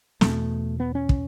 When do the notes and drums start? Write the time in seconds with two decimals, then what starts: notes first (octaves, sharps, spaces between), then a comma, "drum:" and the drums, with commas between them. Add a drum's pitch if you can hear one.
0.21 E2 B2 A3, drum: snare
0.80 B3
0.95 C#4
1.09 drum: kick